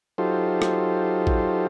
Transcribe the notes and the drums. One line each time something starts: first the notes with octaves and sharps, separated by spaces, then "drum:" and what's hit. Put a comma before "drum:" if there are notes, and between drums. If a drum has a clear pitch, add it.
F#3 D#4 F4 G4 A4 C5
drum: rim click
drum: kick